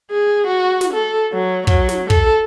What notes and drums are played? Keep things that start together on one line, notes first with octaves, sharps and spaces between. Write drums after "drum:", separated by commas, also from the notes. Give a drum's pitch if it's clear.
G#4
F#4
drum: snare
A4
F#3
F#3, drum: kick
drum: snare
A4, drum: kick